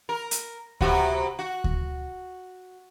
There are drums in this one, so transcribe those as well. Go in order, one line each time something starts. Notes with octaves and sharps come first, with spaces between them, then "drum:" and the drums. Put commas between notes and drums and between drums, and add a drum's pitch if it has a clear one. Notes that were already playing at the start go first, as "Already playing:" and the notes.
A#4
drum: hi-hat
C3 B3 F#4, drum: kick D2
F#4
drum: kick D2